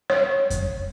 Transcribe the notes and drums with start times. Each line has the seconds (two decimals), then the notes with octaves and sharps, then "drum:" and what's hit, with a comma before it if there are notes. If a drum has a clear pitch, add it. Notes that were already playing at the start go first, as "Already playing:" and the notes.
0.10 C#5
0.50 drum: kick F2, hi-hat